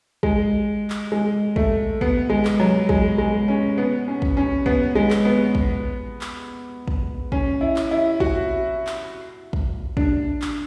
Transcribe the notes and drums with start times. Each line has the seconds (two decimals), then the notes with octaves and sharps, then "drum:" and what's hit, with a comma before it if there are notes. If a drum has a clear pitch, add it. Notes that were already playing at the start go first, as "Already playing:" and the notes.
0.23 G#3, drum: kick
0.90 drum: clap
1.12 G#3
1.56 A3, drum: kick
2.01 B3, drum: kick
2.30 G#3
2.45 drum: clap
2.59 F#3
2.89 G#3, drum: kick
3.18 G#3
3.48 C#4
3.78 B3
4.08 C#4
4.22 drum: kick
4.37 C#4
4.66 B3, drum: kick
4.95 G#3
5.10 drum: clap
5.25 B3
5.55 drum: kick
6.21 drum: clap
6.88 drum: kick
7.32 C#4, drum: kick
7.61 E4
7.76 drum: clap
7.91 E4
8.20 F#4, drum: kick
8.87 drum: clap
9.53 drum: kick
9.97 D4, drum: kick
10.42 drum: clap